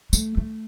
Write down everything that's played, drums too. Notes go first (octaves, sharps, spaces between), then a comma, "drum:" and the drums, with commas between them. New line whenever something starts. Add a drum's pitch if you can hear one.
A3, drum: tambourine
A3